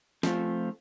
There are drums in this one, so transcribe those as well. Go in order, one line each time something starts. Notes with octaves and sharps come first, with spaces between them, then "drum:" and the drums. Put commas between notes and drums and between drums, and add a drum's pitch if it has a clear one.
F3 A3 C4 F4, drum: snare